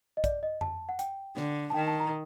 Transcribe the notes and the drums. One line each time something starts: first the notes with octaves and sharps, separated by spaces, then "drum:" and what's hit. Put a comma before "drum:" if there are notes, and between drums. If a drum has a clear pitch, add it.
D#5
D5, drum: kick, hi-hat
D#5
A5, drum: tom F2
F#5
G5, drum: hi-hat
D3, drum: snare
A5
D#3 G5
A5
A#5